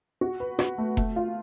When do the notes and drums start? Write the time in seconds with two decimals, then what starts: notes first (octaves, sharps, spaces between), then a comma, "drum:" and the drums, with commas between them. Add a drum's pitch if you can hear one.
0.21 F#4
0.40 B4
0.59 F#4, drum: rim click
0.78 A3
0.97 A3, drum: kick F1
1.16 F4